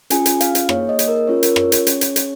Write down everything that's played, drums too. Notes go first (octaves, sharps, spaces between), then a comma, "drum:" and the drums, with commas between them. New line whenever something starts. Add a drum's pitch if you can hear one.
C#4 F4 G#4 G#5, drum: hi-hat
drum: hi-hat
F5, drum: hi-hat
drum: hi-hat
A#3 D#4 G#4 C#5, drum: rim click
D#5
drum: hi-hat
A#4
C#4 F4 G#4 C#5
A#4, drum: hi-hat
C#5, drum: rim click
drum: hi-hat
C#4 G#4, drum: hi-hat
drum: hi-hat
drum: hi-hat